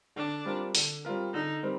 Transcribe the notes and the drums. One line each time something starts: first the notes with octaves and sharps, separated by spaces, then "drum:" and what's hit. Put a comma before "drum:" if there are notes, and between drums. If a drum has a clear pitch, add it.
D3 D4
G3 C4 F4 A#4
D3, drum: open hi-hat
G3 C4 F4 A#4
D3 D#4
G3 C4 A#4